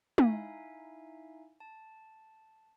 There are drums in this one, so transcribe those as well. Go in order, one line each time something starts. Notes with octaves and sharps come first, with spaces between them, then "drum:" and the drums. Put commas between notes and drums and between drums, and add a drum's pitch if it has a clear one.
D#4 E4 E5 F5 G#5, drum: tom
A5